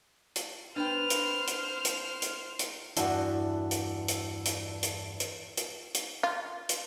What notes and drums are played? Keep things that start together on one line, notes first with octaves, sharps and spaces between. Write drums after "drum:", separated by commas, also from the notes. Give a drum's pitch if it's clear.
drum: hi-hat
B3 D4 B4 C5 G5 F6
drum: hi-hat
drum: hi-hat
drum: hi-hat
drum: hi-hat
drum: hi-hat
E2 G2 D4 E4 F#4, drum: hi-hat
drum: hi-hat
drum: hi-hat
drum: hi-hat
drum: hi-hat
drum: hi-hat
drum: hi-hat
drum: hi-hat
F4
drum: hi-hat